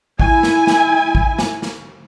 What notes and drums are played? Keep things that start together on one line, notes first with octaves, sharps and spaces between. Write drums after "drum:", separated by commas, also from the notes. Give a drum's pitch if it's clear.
E4 G#5, drum: kick
drum: snare
drum: snare
drum: kick
drum: snare
drum: snare